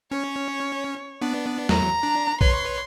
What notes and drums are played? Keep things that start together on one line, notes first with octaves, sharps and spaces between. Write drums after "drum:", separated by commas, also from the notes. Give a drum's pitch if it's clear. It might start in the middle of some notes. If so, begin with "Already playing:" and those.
C#4 C#5
B3 D4
E2 F#3 A#5, drum: snare
D4
B4 C#5 C6, drum: kick A#1